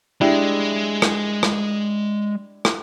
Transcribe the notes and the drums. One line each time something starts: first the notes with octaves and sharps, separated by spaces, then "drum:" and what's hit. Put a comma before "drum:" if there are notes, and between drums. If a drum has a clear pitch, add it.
G#3 D4 E4 G4
drum: rim click
drum: rim click
drum: rim click